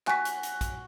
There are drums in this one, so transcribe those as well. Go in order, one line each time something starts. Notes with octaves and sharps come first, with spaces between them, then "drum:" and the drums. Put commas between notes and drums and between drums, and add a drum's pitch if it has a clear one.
F#4 G#5 B6, drum: clap
drum: hi-hat
drum: hi-hat
drum: kick A#1, hi-hat